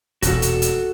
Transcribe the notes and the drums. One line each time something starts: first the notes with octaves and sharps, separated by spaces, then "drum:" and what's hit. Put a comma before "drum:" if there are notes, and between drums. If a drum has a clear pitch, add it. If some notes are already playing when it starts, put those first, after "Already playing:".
E1 E2 A#2 F#4 A4, drum: hi-hat
drum: hi-hat
drum: hi-hat